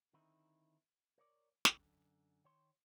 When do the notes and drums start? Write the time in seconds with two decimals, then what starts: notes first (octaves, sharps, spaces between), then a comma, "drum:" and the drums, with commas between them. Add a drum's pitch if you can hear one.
0.13 D3 D#3 C4 D#4 E4
1.18 A#4 C#5 D5
1.65 G2 C#3 F3 G3, drum: snare
1.80 F#2 D3
2.44 D#3 C#5 C6